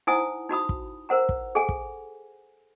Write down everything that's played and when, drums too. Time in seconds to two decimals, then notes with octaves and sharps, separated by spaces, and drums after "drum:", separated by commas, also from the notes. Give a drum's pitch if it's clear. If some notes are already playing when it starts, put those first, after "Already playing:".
0.07 D#4 E4 C5 F#5 G#5 D#6
0.49 D#4 F#4 B5 D#6
0.69 drum: kick
1.09 A#4 C5 F#5 A#5
1.29 drum: kick
1.55 G#4 A4 F#5 G#5
1.69 drum: kick